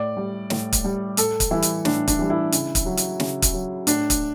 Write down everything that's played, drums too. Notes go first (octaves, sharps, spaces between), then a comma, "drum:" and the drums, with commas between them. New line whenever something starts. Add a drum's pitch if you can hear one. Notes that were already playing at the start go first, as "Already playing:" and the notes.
Already playing: A2 D5
G3
A2, drum: snare
drum: kick, hi-hat
G3
A2 A4, drum: hi-hat
drum: kick, hi-hat
E3 G3 E4
drum: hi-hat
A2 D4, drum: snare
D4, drum: kick, hi-hat
E3 G3
E4
C#3, drum: hi-hat
drum: kick, hi-hat
F#3
drum: hi-hat
C#3, drum: snare
drum: kick, hi-hat
F#3
A2 D4, drum: hi-hat
drum: kick, hi-hat